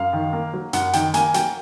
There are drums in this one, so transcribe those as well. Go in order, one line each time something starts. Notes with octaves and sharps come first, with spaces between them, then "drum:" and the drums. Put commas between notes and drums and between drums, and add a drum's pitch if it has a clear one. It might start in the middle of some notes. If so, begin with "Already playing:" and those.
Already playing: F#2 F5
D#3
A#3
F#3
F#2 F#5, drum: hi-hat
D#3 G5, drum: hi-hat
A#3 G#5, drum: hi-hat
F#3 G5, drum: hi-hat